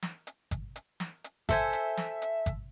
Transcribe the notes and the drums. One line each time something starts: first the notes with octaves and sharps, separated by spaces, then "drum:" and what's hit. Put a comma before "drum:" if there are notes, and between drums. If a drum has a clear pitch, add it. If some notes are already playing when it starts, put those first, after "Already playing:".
drum: snare
drum: hi-hat
drum: kick G#1, hi-hat
drum: hi-hat
drum: snare
drum: hi-hat
A4 C5 E5 G#5, drum: kick G#1, hi-hat
drum: hi-hat
drum: snare
drum: hi-hat
drum: kick G#1, hi-hat